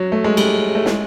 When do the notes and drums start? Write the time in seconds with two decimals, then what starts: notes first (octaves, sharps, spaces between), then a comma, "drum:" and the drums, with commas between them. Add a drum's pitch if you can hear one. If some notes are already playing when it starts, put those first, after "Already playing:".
Already playing: F#3
0.12 A3
0.24 G#3
0.37 G3, drum: cymbal
0.75 A3
0.86 G#3, drum: snare